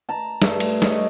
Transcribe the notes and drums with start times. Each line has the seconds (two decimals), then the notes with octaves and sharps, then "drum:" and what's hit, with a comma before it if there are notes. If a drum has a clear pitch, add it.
0.09 A5 A#5
0.42 G2 A3, drum: snare
0.60 drum: cymbal
0.82 C#5 D#5, drum: snare